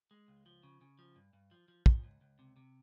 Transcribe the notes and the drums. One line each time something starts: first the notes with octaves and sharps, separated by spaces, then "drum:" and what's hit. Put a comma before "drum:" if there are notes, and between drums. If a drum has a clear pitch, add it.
G#3
C#2
F3
C#3
C#3
F3
G2
G2
F3
F3
F3, drum: kick
C#2
C#2
C3
C3